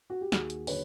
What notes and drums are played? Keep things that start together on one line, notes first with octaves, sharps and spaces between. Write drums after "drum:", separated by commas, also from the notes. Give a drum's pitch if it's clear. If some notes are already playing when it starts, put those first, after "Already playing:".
F#4
G4
D#2 F#4 G#4, drum: snare
drum: hi-hat
D3 F#3 B4 C#5, drum: open hi-hat